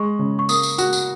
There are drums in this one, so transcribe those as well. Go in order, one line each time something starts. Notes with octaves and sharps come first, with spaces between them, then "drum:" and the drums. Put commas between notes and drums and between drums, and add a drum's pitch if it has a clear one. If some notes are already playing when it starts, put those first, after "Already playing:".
Already playing: G#3 C#6
C#3
C#6
A#3 D#6, drum: tambourine
drum: tambourine
F#4, drum: tambourine
drum: tambourine